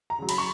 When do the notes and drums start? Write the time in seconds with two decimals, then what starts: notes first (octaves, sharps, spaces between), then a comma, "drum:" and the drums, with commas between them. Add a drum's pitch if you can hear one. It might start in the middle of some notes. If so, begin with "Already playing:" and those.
0.10 A#5
0.19 C#3 F#3
0.29 B5, drum: cymbal
0.38 C#6